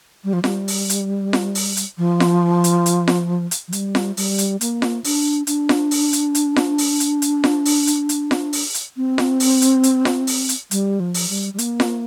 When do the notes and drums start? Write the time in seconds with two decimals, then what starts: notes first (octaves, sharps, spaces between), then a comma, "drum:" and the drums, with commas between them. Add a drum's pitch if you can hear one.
0.24 G3
0.33 F3
0.44 G3, drum: snare F4
0.68 drum: open hi-hat
0.90 drum: hi-hat
1.33 drum: snare F4
1.55 drum: open hi-hat
1.77 drum: hi-hat
1.98 F3
2.20 drum: snare F4
2.64 drum: hi-hat
2.86 drum: hi-hat
3.08 drum: snare F4
3.51 drum: hi-hat
3.68 F3
3.72 G3, drum: hi-hat
3.95 drum: snare F4
4.17 G3, drum: open hi-hat
4.38 drum: hi-hat
4.61 A#3, drum: hi-hat
4.82 drum: snare F4
5.04 D4, drum: open hi-hat
5.47 D4, drum: hi-hat
5.69 drum: snare F4
5.91 drum: open hi-hat
6.13 drum: hi-hat
6.35 drum: hi-hat
6.56 drum: snare F4
6.78 drum: open hi-hat
7.00 drum: hi-hat
7.22 drum: hi-hat
7.44 drum: snare F4
7.65 drum: open hi-hat
7.87 drum: hi-hat
8.09 drum: hi-hat
8.31 drum: snare F4
8.53 drum: open hi-hat
8.74 drum: hi-hat
8.97 C4
9.18 drum: snare F4
9.40 drum: open hi-hat
9.62 drum: hi-hat
9.83 drum: hi-hat
10.05 drum: snare F4
10.27 drum: open hi-hat
10.49 drum: hi-hat
10.71 G3, drum: hi-hat
11.00 F3
11.14 drum: open hi-hat
11.29 G3
11.54 G3
11.58 A#3, drum: hi-hat
11.80 drum: snare F4